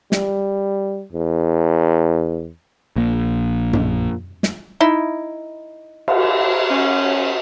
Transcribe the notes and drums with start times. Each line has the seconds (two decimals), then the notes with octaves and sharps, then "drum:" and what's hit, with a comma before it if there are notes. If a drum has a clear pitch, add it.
0.12 G3, drum: snare
1.12 E2
2.96 A#1 A#3
3.73 drum: tom F#2
4.43 drum: snare
4.80 D#4 E4
6.08 drum: cymbal
6.70 C#4